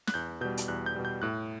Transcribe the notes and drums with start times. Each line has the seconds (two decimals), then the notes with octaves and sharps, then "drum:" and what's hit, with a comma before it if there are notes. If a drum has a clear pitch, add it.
0.07 F#6, drum: snare
0.14 E2 G6
0.41 B2 G3 G6
0.57 drum: hi-hat
0.68 E2 F#6
0.86 G6
0.96 B2 G3
1.05 G6
1.22 A2 F#6